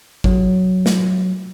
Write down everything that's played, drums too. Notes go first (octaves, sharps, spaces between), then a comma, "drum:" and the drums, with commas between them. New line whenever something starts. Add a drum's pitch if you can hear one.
F#3, drum: kick G#1
drum: snare